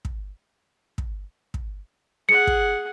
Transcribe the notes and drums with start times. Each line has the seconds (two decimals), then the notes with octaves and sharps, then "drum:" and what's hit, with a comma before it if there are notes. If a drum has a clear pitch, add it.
0.05 drum: kick
0.98 drum: kick
1.54 drum: kick
2.29 G#4 F#5 C#7
2.47 drum: kick